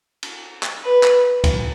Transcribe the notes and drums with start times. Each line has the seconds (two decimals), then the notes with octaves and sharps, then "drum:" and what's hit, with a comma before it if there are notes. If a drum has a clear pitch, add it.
0.23 drum: cymbal
0.63 drum: clap
0.84 B4
1.03 drum: clap
1.44 drum: kick C#2, cymbal